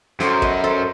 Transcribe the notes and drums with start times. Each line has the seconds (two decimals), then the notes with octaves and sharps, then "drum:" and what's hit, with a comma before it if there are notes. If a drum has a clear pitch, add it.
0.20 F#2 A4 C5, drum: snare
0.42 B4 D#5, drum: kick
0.64 A4 C5